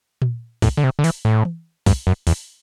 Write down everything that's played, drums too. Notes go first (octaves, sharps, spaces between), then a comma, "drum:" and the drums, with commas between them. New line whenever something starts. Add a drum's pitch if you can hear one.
drum: tom A#2
A2, drum: kick, open hi-hat
D3
C3
D3
E3, drum: open hi-hat
A2
drum: tom E3
G2, drum: kick, open hi-hat
F#2
E2, drum: open hi-hat